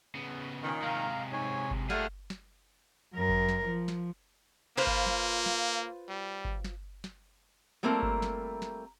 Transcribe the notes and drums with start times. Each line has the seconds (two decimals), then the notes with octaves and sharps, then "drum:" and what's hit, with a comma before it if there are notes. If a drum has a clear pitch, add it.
0.15 C#3 B3
0.64 A#2 D#3 C#4 D#5
0.82 C3 G#3 F5 A#5
1.32 G#2 C#5 G#5
1.71 drum: kick G1
1.90 G3 A3 A#3 D4 F4 G#4 F#5 F6, drum: snare
2.30 drum: snare
3.15 F#2 A#4
3.29 drum: kick G1
3.49 drum: snare
3.65 F3
3.88 drum: snare
4.77 A#3 F4 B4 C5
4.87 drum: kick G1
5.07 drum: snare
5.46 drum: snare
6.09 G3
6.45 drum: kick G1
6.64 drum: snare
7.04 drum: snare
7.83 G3 A3 A#3 C4 E4 A#4
8.03 drum: kick G1
8.22 drum: snare
8.62 drum: snare